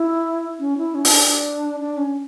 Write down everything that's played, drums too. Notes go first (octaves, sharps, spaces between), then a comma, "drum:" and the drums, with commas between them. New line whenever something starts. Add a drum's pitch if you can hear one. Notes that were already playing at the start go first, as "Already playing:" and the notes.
Already playing: E4
C#4
E4
C#4
E4, drum: open hi-hat
D4
D4
C#4